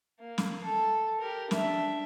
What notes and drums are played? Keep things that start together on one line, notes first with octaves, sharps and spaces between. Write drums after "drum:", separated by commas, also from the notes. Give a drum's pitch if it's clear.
A#3
drum: snare
A4
G4 A#4
D4 E5, drum: snare